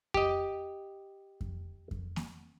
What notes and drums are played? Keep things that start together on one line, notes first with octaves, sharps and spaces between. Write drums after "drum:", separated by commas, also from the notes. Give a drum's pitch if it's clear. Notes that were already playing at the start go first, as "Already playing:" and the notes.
G4 D#5, drum: kick F2
drum: kick F2
drum: kick F2
drum: snare A#3